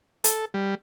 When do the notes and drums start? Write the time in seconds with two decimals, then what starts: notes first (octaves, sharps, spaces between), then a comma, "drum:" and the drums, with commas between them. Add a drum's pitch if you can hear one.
0.24 A4, drum: hi-hat
0.54 G3